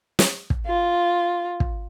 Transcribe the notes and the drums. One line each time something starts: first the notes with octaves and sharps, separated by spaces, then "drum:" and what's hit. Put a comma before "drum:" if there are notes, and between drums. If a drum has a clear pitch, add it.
drum: snare
drum: kick
F4
drum: kick